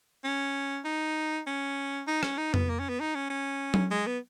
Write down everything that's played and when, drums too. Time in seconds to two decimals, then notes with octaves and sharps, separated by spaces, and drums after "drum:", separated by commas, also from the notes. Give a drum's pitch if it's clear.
0.24 C#4
0.85 D#4
1.47 C#4
2.08 D#4
2.23 C#4, drum: rim click
2.38 D#4
2.54 B3, drum: tom F2
2.70 A#3
2.79 C#4
2.89 B3
3.00 D#4
3.15 C#4
3.30 C#4
3.74 drum: tom F#3
3.91 G#3
4.07 B3